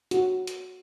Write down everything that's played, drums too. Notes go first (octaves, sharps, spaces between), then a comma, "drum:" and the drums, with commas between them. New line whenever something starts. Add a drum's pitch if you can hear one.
F#4, drum: hi-hat
drum: hi-hat